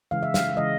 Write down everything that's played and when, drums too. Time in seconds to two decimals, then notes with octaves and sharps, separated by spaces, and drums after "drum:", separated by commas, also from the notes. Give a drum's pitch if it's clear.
0.11 C#3 E3 G#3 F5
0.23 E5
0.34 F5, drum: snare
0.57 C#3 E3 G#3 D#5